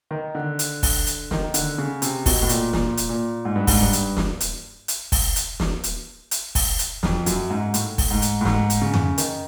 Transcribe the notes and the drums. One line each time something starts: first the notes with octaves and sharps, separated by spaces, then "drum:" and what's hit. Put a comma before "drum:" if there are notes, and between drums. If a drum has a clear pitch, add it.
D#3
D3
drum: hi-hat
drum: kick, open hi-hat
drum: hi-hat
D#3, drum: snare
D3, drum: hi-hat
C#3
C3, drum: hi-hat
B2, drum: kick, open hi-hat
A2
A#2, drum: hi-hat
A#2, drum: snare
drum: hi-hat
A#2
G#2
G2
G#2, drum: kick, open hi-hat
G2
drum: hi-hat
drum: snare
drum: hi-hat
drum: hi-hat
drum: kick, open hi-hat
drum: hi-hat
drum: snare
drum: hi-hat
drum: hi-hat
drum: kick, open hi-hat
drum: hi-hat
F2, drum: snare
F#2, drum: hi-hat
G#2
A2, drum: hi-hat
drum: kick, open hi-hat
G#2
drum: hi-hat
A2
G#2, drum: snare
drum: hi-hat
C#3
drum: tom F2
D#3, drum: hi-hat